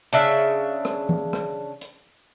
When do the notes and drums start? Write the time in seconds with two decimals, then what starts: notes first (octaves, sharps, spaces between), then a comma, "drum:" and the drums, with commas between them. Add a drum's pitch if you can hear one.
0.13 C#3 D4 E5
0.85 drum: rim click
1.09 drum: tom E3
1.33 drum: rim click
1.81 drum: hi-hat